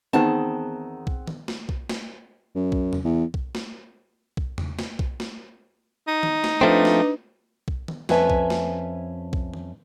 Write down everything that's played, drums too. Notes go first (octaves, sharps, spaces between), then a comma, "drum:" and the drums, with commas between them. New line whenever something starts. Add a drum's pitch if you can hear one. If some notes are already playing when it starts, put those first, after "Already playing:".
E2 D#3 B3 C4 D#4 G#4 F#5 A5
drum: kick
drum: tom D#3
drum: snare
drum: kick
drum: snare
F#2
drum: kick
drum: tom E2
E2
drum: kick
drum: snare
drum: kick
drum: tom E2
drum: snare
drum: kick
drum: snare
D#4
drum: tom D#3
drum: snare
F3 A3 C4 D4 B4
drum: snare
drum: kick
drum: tom D#3
F2 C#4 B4 E5 G#5 A5, drum: snare
drum: kick
drum: snare
drum: kick
drum: tom D#3